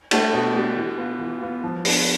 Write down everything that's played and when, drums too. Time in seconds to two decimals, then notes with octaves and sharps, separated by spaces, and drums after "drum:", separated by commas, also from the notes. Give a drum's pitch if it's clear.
0.11 A3 D4 G4, drum: cymbal
0.33 B2
0.54 A3 D4 G4
0.76 E3
0.98 B3 F4
1.19 E3
1.42 B3 F4
1.64 F3
1.85 B3 D4, drum: open hi-hat